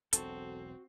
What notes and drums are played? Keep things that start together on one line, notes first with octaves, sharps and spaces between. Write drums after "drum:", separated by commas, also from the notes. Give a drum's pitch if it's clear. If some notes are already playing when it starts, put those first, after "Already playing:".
E1 B1 E2 C4 F#4 A4, drum: hi-hat